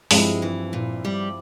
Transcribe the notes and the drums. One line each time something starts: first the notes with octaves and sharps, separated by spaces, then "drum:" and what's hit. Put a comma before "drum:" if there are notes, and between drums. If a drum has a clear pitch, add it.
G2 F3 G#3 C4 E4, drum: open hi-hat
E3
A#2
G3